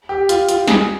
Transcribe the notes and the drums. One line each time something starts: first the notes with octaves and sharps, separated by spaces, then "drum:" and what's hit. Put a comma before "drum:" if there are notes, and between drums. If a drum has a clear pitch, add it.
G4
F4, drum: hi-hat
F4, drum: hi-hat
G#4, drum: snare